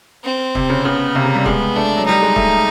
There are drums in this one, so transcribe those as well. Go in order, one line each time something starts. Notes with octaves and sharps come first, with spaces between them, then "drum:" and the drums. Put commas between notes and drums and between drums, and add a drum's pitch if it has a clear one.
C4
C3, drum: kick
C#3
C#3 B3
C3 A#3
C#3
G3
G#3 B3, drum: kick
A3 D4
F#3
G3 D#4
G#3
A3, drum: kick